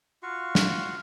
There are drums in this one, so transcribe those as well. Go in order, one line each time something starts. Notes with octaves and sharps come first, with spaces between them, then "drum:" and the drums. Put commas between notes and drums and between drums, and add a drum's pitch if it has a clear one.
F4 F#4 F5 C#6
drum: snare